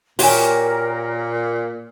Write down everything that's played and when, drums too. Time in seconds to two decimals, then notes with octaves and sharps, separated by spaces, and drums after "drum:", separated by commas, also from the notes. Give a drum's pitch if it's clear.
0.19 A#2 F#4 G4 A#4 C#5 G5 G#5, drum: open hi-hat